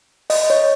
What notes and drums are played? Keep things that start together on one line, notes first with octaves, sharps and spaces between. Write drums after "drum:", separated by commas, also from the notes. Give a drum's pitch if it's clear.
D#5, drum: open hi-hat
C#5